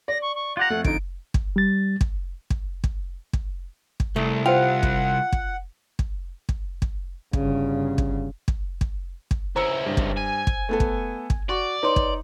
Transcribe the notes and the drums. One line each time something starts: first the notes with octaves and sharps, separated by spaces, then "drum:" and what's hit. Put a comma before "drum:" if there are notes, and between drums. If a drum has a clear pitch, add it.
D5 A#6
C#6
C#6
F4 G4 F#5 A#5
F2 A3
D3 D#4 D7, drum: kick
drum: kick
G3 A6
drum: kick
drum: kick
drum: kick
drum: kick
drum: kick
C2 A3
F4 C5 F#5 G5
drum: kick
drum: kick
drum: kick
drum: kick
drum: kick
G1 C#3, drum: kick
drum: kick
drum: kick
drum: kick
drum: kick
C#2 E4 C5 A#5 E6 C#7
G2
drum: kick
G#5
drum: kick
A3 B3 A4
drum: kick
drum: kick
F#4 D5 C#6
D#4 B4 C#5 C6 D6
drum: kick